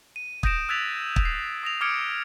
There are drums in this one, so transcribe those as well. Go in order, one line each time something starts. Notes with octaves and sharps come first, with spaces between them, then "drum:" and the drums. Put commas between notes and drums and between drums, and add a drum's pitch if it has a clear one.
D#7
D#6 G6 A#6 D7 E7, drum: kick
E6 F#6 G#6 A6 B6 F7
drum: kick
C7
D#6 A#6 F7
D6 D#6 F6 G#6 C#7 D7